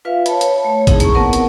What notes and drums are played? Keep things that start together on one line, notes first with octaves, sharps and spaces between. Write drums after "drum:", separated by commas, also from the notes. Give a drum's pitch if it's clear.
F4 B4 E5 F5
C#5 A5 B5, drum: hi-hat
drum: hi-hat
A3 C#5
C4 D#4 E4 G#4, drum: kick A1, hi-hat
A#3 C#6, drum: hi-hat
B3 C4 A#4 B4 F#5 A5
drum: hi-hat